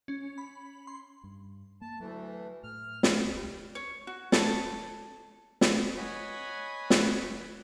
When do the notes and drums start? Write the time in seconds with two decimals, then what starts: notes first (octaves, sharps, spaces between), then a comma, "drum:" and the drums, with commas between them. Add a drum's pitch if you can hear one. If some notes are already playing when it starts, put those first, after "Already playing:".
0.08 C#4
0.38 B5
0.87 C6
1.24 G2
1.81 A#3 A5
2.00 D2 E3 F#3 A3
2.63 A2 F6
3.03 drum: snare
3.26 D1 C2 G3
3.75 C#5
4.07 F#4
4.32 A4 C#5, drum: snare
5.61 drum: snare
5.97 B4 C#5 D#5 F#5 G#5 B5
6.90 drum: snare